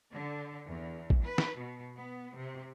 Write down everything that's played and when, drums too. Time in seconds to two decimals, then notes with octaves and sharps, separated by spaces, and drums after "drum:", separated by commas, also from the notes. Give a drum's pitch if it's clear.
0.12 D3
0.68 E2
1.10 drum: kick A#1
1.23 B4
1.38 drum: snare
1.59 B2
1.97 B3
2.36 C3